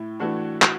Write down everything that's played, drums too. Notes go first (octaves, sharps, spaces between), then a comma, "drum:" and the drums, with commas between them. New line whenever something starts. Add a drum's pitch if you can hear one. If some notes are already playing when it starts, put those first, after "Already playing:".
Already playing: A2 E4
E3 A3 D4 F#4
F#4, drum: clap